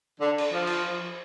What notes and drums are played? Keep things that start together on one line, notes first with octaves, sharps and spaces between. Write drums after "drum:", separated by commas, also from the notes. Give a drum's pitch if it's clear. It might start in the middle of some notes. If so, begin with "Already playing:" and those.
D3
drum: cymbal
F3
drum: cymbal